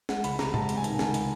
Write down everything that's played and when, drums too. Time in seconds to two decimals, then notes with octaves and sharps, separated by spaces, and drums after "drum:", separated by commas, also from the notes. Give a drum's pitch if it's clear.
0.09 G#3 F#5, drum: snare
0.24 C#2 B5, drum: hi-hat
0.39 C3 A#5, drum: snare
0.54 G#3 A5, drum: tom A2
0.69 C3, drum: hi-hat
0.77 G#5
0.84 D#3, drum: hi-hat
0.99 C#2 A5, drum: snare
1.14 drum: hi-hat